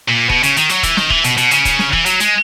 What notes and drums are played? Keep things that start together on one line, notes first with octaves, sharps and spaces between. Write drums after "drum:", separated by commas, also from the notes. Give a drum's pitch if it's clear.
A#2
B2, drum: kick
C#3, drum: hi-hat
D#3, drum: hi-hat
F#3, drum: hi-hat
E3, drum: kick, hi-hat
D#3, drum: snare
E3, drum: kick
B2, drum: hi-hat
B2, drum: hi-hat
C#3, drum: hi-hat
drum: kick, hi-hat
drum: snare
E3, drum: kick
F#3, drum: hi-hat
G#3, drum: hi-hat